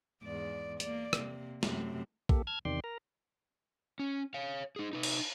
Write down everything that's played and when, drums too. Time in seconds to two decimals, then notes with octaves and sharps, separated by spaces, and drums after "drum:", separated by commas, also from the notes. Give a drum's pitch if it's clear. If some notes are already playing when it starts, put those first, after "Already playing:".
0.23 E2 G#2 D5
0.80 A#3 D5, drum: hi-hat
1.13 C3 A#3, drum: rim click
1.63 F#2 C3 A3, drum: snare
2.29 A#3 G4 A4, drum: kick
2.47 A5 F6 G#6
2.65 E2 C3 D#3 D5 G5 C6
2.84 A#4 A#5
3.99 C#4
4.34 C#5 F5
4.76 D#4 G#4
4.93 D#4 B4
5.03 drum: cymbal